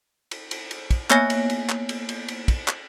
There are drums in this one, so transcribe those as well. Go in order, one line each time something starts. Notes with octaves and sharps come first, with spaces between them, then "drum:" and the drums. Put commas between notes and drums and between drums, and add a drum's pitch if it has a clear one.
drum: cymbal
drum: cymbal
drum: cymbal
drum: kick, cymbal
A#3 B3 C#5 G#5 A#6, drum: clap
drum: cymbal
drum: cymbal
drum: clap
drum: cymbal
drum: cymbal
drum: cymbal
drum: kick, cymbal
drum: clap